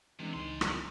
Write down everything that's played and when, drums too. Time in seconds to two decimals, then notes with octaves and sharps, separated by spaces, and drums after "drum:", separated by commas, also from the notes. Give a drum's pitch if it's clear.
0.20 C3 E3 G#3 D4
0.33 C#2 E3 D#4 C6
0.61 drum: rim click